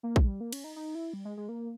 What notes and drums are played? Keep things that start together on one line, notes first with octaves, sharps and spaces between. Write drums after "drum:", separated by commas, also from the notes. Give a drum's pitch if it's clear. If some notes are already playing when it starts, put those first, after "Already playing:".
A#3
E3, drum: kick
G#3
G3
A#3
C#4, drum: cymbal
D#4
D#4
E4
G3
G#3
G#3
A#3